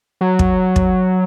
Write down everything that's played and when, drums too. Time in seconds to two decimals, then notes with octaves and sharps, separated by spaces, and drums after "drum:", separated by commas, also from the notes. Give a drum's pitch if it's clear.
0.21 F#3
0.39 drum: kick
0.76 drum: kick